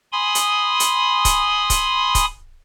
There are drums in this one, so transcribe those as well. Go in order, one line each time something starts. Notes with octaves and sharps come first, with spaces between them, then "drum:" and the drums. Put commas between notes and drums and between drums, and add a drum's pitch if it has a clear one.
G#5 B5 C6 D#6
drum: hi-hat
drum: hi-hat
drum: kick C#1, hi-hat
drum: kick C#1, hi-hat
drum: kick C#1, hi-hat